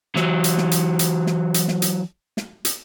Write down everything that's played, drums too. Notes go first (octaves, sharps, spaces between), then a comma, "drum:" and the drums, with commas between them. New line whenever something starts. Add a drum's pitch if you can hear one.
E3 F#3, drum: snare
drum: hi-hat
drum: snare
drum: hi-hat
drum: hi-hat
drum: snare
drum: hi-hat
drum: snare
drum: hi-hat
drum: snare
drum: hi-hat